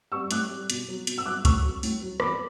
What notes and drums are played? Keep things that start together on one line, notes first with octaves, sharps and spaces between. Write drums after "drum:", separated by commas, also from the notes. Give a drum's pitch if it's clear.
G3 C#6 E6
A2 D6 F#6, drum: hi-hat
G3
B2, drum: hi-hat
F#3
B2, drum: hi-hat
E6
F#3 D6 F#6
A2 C#6 E6, drum: kick, hi-hat
F#3
A2, drum: open hi-hat
F#3
E2 B5 D6, drum: rim click